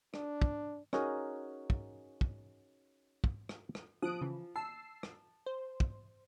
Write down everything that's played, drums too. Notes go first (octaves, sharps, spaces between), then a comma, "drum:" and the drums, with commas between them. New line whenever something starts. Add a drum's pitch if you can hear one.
D4, drum: rim click
drum: kick
C#4 D#4 F#4 G#4 A#4, drum: rim click
drum: kick
drum: kick
drum: kick
drum: rim click
drum: rim click
F3 D#6 F#6 D7
C#3 E3
A5 E6 C7
drum: rim click
C5
drum: kick